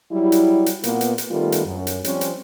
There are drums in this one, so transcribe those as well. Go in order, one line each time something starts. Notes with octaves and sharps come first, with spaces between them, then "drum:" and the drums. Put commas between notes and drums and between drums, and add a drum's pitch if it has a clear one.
F#3 G3 E4
drum: hi-hat
drum: hi-hat
A#2 A#3 B3, drum: hi-hat
drum: hi-hat
drum: hi-hat
D#3 G3 A3 B3 F4
drum: hi-hat
F#2
drum: hi-hat
F3 G3 C4 C#4, drum: hi-hat
drum: hi-hat